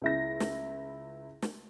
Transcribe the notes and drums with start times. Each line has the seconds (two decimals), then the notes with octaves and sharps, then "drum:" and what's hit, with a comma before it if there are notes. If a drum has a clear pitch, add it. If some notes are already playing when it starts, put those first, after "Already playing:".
0.02 C#2 E4 A#6
0.40 drum: snare
1.42 drum: snare